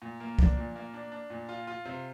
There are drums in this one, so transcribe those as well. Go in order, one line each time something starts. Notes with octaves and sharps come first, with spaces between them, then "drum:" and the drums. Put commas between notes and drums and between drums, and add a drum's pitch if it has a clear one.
A#2
A#3
D4, drum: kick
A#2
A#3
D4
D4
A#2
F4
F4
C3